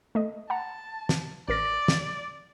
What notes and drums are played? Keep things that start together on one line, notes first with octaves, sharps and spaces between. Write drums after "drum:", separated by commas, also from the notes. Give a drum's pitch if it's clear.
A3 D#5
F#5 A5 A#5
drum: snare
A1 A#4 D5 A#6
drum: snare